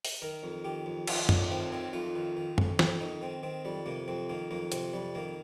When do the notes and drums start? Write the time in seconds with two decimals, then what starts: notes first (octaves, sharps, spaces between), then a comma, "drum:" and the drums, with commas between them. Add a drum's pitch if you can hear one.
0.05 drum: open hi-hat
0.22 D#3 A#4
0.43 F2
0.65 D#3 G4
0.86 F2
1.07 D#3 F4, drum: cymbal
1.29 F2 D#4, drum: tom F#2
1.51 D#3 C4
1.72 D#3 C4
1.93 F2 F4
2.15 D#3
2.37 D#3
2.58 F2, drum: tom F#2
2.79 F2 C4, drum: snare
3.00 D#3 D#4
3.22 D#3 C4
3.43 D#3 C4
3.65 F2 G3
3.86 C3 A#3
4.08 F2 C4
4.29 D#3 A#3
4.51 F2 A#3
4.72 C3 C4, drum: hi-hat
4.93 F2 G3
5.15 D#3 A#3